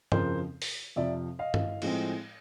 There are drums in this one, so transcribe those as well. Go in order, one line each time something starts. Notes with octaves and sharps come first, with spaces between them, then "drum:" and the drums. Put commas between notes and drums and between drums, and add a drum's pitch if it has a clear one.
F2 C#3 F3 A#4 C5, drum: tom G2
drum: open hi-hat
F2 C3 F3 D5 E5
D#5 F5
drum: tom G2
A2 F3 G#3 C4, drum: cymbal